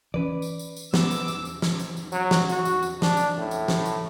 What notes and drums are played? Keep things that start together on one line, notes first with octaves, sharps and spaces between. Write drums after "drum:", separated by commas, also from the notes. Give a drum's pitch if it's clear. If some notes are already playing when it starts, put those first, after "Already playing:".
E3 C#4 B4 D5
drum: tambourine
drum: tambourine
drum: tambourine
B3 D6 E6, drum: snare
drum: tambourine
drum: tambourine
drum: tambourine
drum: snare
drum: tambourine
drum: tambourine
F#3, drum: tambourine
drum: snare
F#4, drum: tambourine
drum: tambourine
drum: tambourine
D4, drum: snare
drum: tambourine
A2
drum: tambourine
drum: snare
drum: tambourine